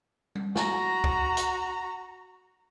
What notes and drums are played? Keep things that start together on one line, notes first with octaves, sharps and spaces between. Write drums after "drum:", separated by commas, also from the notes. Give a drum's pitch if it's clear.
drum: tom G3
F#4 A#5, drum: snare
drum: kick
drum: hi-hat